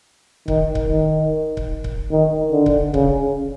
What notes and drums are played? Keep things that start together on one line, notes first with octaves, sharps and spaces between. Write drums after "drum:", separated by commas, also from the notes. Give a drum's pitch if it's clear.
D#3, drum: kick C#1
drum: kick C#1
D#3
drum: kick C#1
drum: kick C#1
D#3
D3
drum: kick C#1
C#3, drum: kick C#1